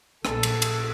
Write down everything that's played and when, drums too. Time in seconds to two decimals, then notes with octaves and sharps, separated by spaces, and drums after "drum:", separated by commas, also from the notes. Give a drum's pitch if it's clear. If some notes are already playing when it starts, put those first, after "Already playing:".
0.25 A#1 A4, drum: rim click
0.43 drum: cymbal
0.62 drum: cymbal